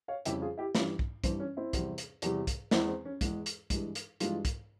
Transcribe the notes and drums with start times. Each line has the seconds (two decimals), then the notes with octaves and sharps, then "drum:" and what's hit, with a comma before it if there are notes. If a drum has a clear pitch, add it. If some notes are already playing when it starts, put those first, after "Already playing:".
0.08 C#5 F5
0.25 F2 C#3 G3 E4 G4, drum: hi-hat
0.42 F4 G#4
0.57 E4 G4
0.75 G2 E3 G3 C#4 F4, drum: snare
0.99 drum: kick
1.24 G2 E3 G3 C4, drum: kick, hi-hat
1.40 C#4
1.57 C4 E4
1.73 E2 C3 E3 G3, drum: kick, hi-hat
1.98 drum: hi-hat
2.22 E2 C3 E3 G3, drum: hi-hat
2.47 drum: kick, hi-hat
2.71 E2 E3 G#3 C4 E4, drum: snare
2.88 C4
3.05 C#4
3.21 E2 E3 G#3, drum: kick, hi-hat
3.46 drum: hi-hat
3.70 G2 E3 G#3, drum: kick, hi-hat
3.95 drum: hi-hat
4.20 G2 E3 G#3 F4 G#4, drum: hi-hat
4.45 drum: kick, hi-hat